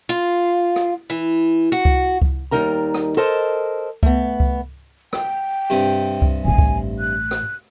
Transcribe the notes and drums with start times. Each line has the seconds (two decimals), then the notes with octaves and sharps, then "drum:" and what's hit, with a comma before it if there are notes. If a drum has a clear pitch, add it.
0.09 F4
0.76 drum: rim click
1.10 E3
1.72 F#4
1.85 drum: kick C#2
2.22 drum: kick C#2
2.51 D#2 G3 D#4 A#4 A#5
2.94 drum: rim click
3.17 A4 A#4 C5 D#5 A5
4.03 A3 B3, drum: kick C#2
4.40 drum: kick C#2
5.13 G5, drum: rim click
5.70 G2 C3
6.22 drum: kick C#2
6.45 A1 A2 G#5
6.58 drum: kick C#2
6.99 F#6
7.31 drum: rim click